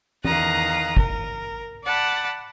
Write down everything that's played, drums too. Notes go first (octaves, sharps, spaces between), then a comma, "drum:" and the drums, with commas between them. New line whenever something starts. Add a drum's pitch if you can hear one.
E2 D#3 F5 A#5 D#6 F#6, drum: tom E3
A#4, drum: kick
D5 F#5 A5 B5